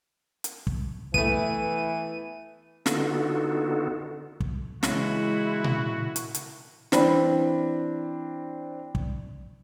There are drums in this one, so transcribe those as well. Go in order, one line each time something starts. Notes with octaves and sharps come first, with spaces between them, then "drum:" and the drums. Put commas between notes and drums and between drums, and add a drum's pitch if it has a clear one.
drum: hi-hat
drum: kick
E3 A3 B3 D#7, drum: kick
D3 B3 D#4 F4 F#4 A4, drum: snare
drum: kick
A#2 C#3 E3 G#3 E4 F#4, drum: snare
drum: tom A#2
drum: hi-hat
drum: hi-hat
E3 C4 D4 B5, drum: snare
drum: kick